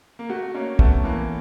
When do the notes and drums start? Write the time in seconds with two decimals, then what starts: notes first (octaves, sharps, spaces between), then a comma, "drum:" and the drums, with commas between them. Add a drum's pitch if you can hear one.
0.19 A#3
0.29 A3 F#4
0.54 A#3 C#4
0.79 A3 B3, drum: kick
1.04 E3 A#3